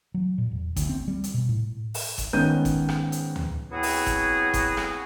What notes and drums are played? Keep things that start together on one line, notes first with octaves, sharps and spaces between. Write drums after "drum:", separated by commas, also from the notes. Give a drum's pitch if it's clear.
F#3
A#2
E1
D2, drum: kick F#1, hi-hat
C4
G3
drum: hi-hat
B2
A2
drum: open hi-hat
drum: kick F#1, hi-hat
G#2 D#3 B3 C#4 G6 D#7
drum: kick F#1, hi-hat
drum: rim click
drum: hi-hat
drum: tom D2
F#3 B3 C4 E4 F#4 G#4
drum: open hi-hat
drum: kick F#1, hi-hat
drum: kick F#1, hi-hat
drum: rim click